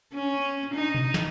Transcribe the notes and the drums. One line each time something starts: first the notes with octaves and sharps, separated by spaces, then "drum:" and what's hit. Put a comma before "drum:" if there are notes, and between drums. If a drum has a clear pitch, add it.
C#4
D#4
drum: tom B2
drum: snare